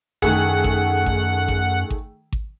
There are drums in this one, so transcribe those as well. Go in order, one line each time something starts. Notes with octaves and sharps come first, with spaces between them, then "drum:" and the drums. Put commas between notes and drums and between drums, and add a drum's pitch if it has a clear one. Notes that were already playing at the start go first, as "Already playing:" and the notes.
F#2 D#3 A3 G#4 F#5, drum: kick G#1
drum: kick G#1
drum: kick G#1
drum: kick G#1
drum: kick G#1
drum: kick G#1